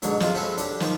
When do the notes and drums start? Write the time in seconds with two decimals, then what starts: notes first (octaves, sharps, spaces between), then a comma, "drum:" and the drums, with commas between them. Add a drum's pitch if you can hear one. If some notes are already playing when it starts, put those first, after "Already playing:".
0.02 G#2 B2 D3 F#3, drum: hi-hat
0.20 C3 G#3 F4 G5, drum: snare
0.35 C4 C#4 F#4 A4 B4
0.58 D4 G4, drum: hi-hat
0.80 D#3 F3 G4 G5, drum: snare